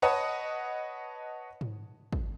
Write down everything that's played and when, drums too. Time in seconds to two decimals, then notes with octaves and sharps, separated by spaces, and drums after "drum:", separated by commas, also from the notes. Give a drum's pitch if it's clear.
0.02 B4 C#5 D#5 F#5 A5 D#6
1.61 drum: tom G#2
2.13 drum: kick